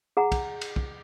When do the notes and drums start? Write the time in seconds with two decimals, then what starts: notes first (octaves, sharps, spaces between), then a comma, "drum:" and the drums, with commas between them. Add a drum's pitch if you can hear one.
0.17 G#4 F#5 A#5
0.32 drum: kick, cymbal
0.61 drum: cymbal
0.76 drum: kick